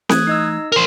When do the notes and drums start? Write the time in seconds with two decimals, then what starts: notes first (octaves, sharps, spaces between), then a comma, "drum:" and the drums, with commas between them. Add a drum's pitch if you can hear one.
0.09 E3 A3 D#6 F#6 G#6, drum: snare C4
0.27 D#4 D#5 E6
0.72 A#4 C5